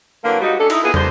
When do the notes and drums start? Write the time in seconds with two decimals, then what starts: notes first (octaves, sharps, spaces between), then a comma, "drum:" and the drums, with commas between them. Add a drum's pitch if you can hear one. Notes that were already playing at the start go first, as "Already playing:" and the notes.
0.24 D3 E3 F#3 A#3
0.40 G3 G#3 D#4 F#4
0.58 C#4 D4 A4
0.70 D#4 E4, drum: cymbal
0.82 A#3 B3 E4 F4 G#4
0.94 D#2 D3 D4 C5, drum: tom